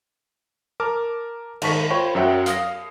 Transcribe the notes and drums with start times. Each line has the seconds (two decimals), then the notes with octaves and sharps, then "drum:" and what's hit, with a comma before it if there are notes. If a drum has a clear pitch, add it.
0.80 A#4 A5 D6 F6
1.62 G#2 D#3 A5 C#6 B6, drum: cymbal
1.90 F4 C5 C#5 G5 B5 C#6
2.15 F#2 F#3 E5 F#5 G5
2.46 F5 D#6 A#6, drum: hi-hat